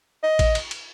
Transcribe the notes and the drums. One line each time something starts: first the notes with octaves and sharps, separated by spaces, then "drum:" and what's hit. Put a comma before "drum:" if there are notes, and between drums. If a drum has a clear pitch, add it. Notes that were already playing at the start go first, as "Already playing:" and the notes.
D#5
drum: kick A1, cymbal
drum: cymbal
drum: cymbal